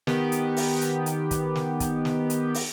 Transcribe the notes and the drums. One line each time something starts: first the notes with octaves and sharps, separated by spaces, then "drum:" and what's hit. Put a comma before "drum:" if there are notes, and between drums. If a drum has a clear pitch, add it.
D#3 B3 G4, drum: snare
drum: hi-hat
drum: open hi-hat
drum: hi-hat
drum: hi-hat
drum: kick, hi-hat
drum: snare
drum: kick, hi-hat
drum: snare
drum: hi-hat
drum: open hi-hat